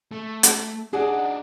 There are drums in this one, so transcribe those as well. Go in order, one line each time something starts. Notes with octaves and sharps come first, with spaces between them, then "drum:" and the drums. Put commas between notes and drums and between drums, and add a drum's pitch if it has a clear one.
A3
drum: hi-hat
D4 D#4 F#4 G#4 D5 F#5